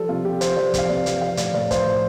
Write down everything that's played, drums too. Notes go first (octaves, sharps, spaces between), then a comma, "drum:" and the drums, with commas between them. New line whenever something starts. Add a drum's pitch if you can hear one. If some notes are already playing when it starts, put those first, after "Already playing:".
Already playing: F3 G3 A4
C3 F4
C3 G4
F3 C5, drum: hi-hat
F3 D5
C3 F5, drum: kick, hi-hat
C3 D5
F3, drum: hi-hat
F3 F5
A2 D5, drum: hi-hat
A2 D5
F3 C5, drum: kick, hi-hat
F3